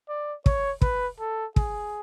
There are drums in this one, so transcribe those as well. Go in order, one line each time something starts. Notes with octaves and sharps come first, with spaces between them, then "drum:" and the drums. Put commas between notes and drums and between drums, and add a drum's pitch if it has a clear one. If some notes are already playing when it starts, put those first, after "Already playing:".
D5
C#5, drum: kick
B4, drum: kick
A4
G#4, drum: kick